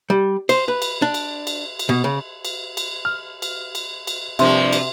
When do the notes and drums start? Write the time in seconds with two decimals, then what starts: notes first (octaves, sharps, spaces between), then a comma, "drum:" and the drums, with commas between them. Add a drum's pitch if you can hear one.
0.10 G3
0.49 C5, drum: cymbal
0.68 B4
0.82 drum: cymbal
1.02 D4
1.14 drum: cymbal
1.47 drum: cymbal
1.79 drum: cymbal
1.89 B2
2.04 C#3
2.45 drum: cymbal
2.77 drum: cymbal
3.05 F6
3.42 drum: cymbal
3.75 drum: cymbal
4.07 drum: cymbal
4.39 G2 C3 F3 A#3 E5 C6, drum: cymbal
4.73 drum: cymbal